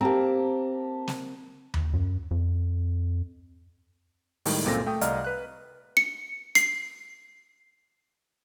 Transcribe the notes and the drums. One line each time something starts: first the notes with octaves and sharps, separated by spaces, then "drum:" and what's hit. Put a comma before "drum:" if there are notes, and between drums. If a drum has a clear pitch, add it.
A#3 C4 G4 A5 A#5
drum: snare
drum: tom D#2
F#2
F2
A2 D#3 G3 G#3, drum: open hi-hat
C#2 F#2 A#2 C4 A4 A#6
A3 G5 D#6
C2 D5 D#5 F5 A#5 F6, drum: hi-hat
B4 F#6
C#7
C7, drum: hi-hat